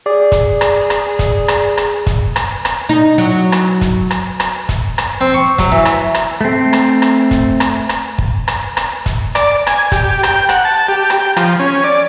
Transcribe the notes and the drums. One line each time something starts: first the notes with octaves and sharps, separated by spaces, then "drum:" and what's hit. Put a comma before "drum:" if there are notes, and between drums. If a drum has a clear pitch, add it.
G#4 D5
drum: kick, hi-hat
drum: rim click
drum: rim click
drum: kick, hi-hat
drum: rim click
drum: rim click
drum: kick, hi-hat
drum: rim click
drum: rim click
D#4
F#3
drum: rim click
drum: kick, hi-hat
drum: rim click
drum: rim click
drum: kick, hi-hat
drum: rim click
C4
C#6
F#3, drum: kick, hi-hat
E3
drum: rim click
drum: rim click
A3 C4
drum: rim click
drum: rim click
drum: kick, hi-hat
drum: rim click
drum: rim click
drum: kick
drum: rim click
drum: rim click
drum: kick, hi-hat
D5, drum: rim click
G#5, drum: rim click
G4, drum: kick, hi-hat
G5, drum: rim click
F#5, drum: rim click
A5
G4
drum: rim click
G5
F3, drum: rim click
C#4
D5